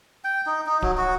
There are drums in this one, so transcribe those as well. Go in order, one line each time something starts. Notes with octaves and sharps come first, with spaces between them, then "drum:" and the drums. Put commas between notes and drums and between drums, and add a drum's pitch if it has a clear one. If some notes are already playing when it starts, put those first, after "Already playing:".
G5
D#4
D#4
F#3, drum: kick D1
F#4